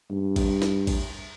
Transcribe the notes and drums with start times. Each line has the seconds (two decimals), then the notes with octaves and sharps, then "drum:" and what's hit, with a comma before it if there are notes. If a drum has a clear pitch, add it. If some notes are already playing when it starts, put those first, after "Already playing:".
0.11 G2
0.36 drum: kick A1, cymbal
0.62 drum: snare
0.87 drum: kick A1, cymbal